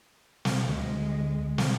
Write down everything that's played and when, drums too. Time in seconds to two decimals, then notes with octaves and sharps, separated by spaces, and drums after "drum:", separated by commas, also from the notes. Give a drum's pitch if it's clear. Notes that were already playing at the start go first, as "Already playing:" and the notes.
0.45 drum: snare
0.68 D2 G#3
1.58 drum: snare